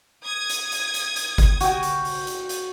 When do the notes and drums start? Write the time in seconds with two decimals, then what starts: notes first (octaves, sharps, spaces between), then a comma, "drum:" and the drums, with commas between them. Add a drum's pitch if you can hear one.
0.24 D#6 G#6
0.50 drum: hi-hat
0.72 drum: hi-hat
0.94 drum: hi-hat
1.16 drum: hi-hat
1.38 drum: kick G1, hi-hat
1.61 F#4 G5, drum: hi-hat
1.83 drum: hi-hat
2.05 drum: open hi-hat
2.27 drum: hi-hat
2.49 drum: hi-hat